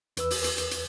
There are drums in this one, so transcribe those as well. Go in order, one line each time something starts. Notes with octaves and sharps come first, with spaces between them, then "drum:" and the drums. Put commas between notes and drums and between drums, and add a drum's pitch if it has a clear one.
E2 B4 E6, drum: hi-hat
drum: open hi-hat
drum: hi-hat
drum: hi-hat
drum: hi-hat